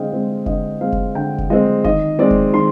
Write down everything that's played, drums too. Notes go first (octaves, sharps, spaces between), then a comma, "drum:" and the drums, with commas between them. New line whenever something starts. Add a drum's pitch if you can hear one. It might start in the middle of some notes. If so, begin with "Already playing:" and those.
Already playing: D3 G#3 C4 D#5 F5 G5
G#3 C4
D3 D#5, drum: kick F1
G#3 C4 F5
drum: kick F1
D3 G5
drum: kick F1
G#3 C4 D#5
D#3 D#5, drum: kick F1
G#3 C4 D5
drum: kick F1
D#3 C6